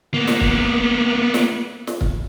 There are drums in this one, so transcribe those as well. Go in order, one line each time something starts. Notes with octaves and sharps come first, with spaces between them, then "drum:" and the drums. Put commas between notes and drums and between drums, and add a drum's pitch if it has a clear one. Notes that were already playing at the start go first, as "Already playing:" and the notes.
A#3 B3
drum: snare
drum: kick
drum: snare
drum: snare
drum: kick